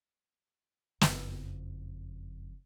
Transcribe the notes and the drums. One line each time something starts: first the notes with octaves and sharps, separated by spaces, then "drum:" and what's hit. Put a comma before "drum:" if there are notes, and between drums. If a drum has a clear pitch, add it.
F#1 F2, drum: snare